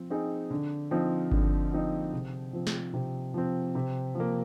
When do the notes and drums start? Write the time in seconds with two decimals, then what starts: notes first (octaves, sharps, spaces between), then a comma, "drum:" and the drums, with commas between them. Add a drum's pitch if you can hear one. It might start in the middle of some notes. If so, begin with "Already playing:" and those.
Already playing: F3 C4
0.10 C4 D#4 G#4
0.50 D3
0.91 F3 C4 D#4
1.32 D3, drum: kick G1
1.72 F3 C4 D#4
2.13 C3
2.53 F3 C4
2.67 drum: snare
2.94 C3
3.34 F3 C4
3.75 C3
4.15 F3
4.20 A#3